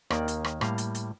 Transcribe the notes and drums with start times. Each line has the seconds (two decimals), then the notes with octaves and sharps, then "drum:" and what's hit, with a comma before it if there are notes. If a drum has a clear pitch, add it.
0.10 D#2 D#3 A#3 D5, drum: rim click
0.28 drum: hi-hat
0.44 drum: rim click
0.61 A2 G3 A#3 F5, drum: rim click
0.78 drum: hi-hat
0.95 drum: hi-hat